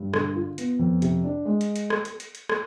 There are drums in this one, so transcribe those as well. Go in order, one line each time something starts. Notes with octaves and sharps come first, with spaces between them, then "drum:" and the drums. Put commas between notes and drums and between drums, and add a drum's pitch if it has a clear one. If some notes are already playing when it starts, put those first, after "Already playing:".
Already playing: G2
D3, drum: rim click
F4
B3, drum: hi-hat
F2
C3, drum: hi-hat
D4
G#3
drum: hi-hat
drum: hi-hat
drum: rim click
drum: hi-hat
drum: hi-hat
drum: hi-hat
drum: rim click